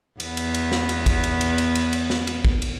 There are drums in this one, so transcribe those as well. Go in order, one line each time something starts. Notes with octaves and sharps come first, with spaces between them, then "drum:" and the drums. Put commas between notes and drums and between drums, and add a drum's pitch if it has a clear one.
E2 B3, drum: cymbal
drum: cymbal
drum: cymbal
drum: snare
drum: cymbal
drum: kick, cymbal
drum: cymbal
drum: cymbal
drum: cymbal
drum: cymbal
drum: cymbal
drum: snare
drum: cymbal
drum: kick
drum: cymbal